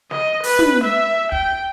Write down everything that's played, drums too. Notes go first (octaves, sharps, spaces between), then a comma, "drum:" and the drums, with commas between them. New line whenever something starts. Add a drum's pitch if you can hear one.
D#5, drum: snare
B4, drum: open hi-hat
drum: tom
E5
G5, drum: kick